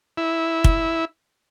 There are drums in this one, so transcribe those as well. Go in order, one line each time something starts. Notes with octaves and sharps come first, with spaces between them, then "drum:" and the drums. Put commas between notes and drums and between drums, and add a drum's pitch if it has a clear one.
E4
drum: kick